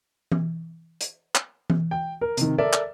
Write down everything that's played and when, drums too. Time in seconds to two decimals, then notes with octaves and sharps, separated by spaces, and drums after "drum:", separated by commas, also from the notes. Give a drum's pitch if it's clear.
0.32 drum: tom E3
1.01 drum: hi-hat
1.35 drum: clap
1.70 drum: tom E3
1.91 G5
2.21 A#4
2.37 C3 D#3, drum: hi-hat
2.58 A4 A#4 D5 E5
2.73 drum: clap